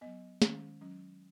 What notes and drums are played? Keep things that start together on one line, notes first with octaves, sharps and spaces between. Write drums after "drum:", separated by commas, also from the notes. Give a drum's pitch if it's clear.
F#3 B3 D#5
D#3 G#3 C#4, drum: snare
F#3 C#4